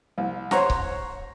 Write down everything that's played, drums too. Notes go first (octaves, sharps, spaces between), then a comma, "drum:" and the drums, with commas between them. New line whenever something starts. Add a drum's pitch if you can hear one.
C2
C5 C#5 F#5 A#5, drum: snare
drum: kick C#1